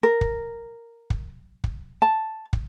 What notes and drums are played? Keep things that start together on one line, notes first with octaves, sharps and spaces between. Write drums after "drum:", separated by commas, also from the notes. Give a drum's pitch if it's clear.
A#4
drum: kick
drum: kick
drum: kick
A5
drum: kick